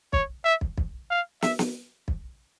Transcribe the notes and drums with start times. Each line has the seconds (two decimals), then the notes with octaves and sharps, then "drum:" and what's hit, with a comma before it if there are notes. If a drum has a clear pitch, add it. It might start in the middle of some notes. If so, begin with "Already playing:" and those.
0.13 C#5, drum: kick
0.44 E5
0.61 drum: kick
0.78 drum: kick
1.11 F5
1.42 E5, drum: snare
1.59 drum: snare
2.08 drum: kick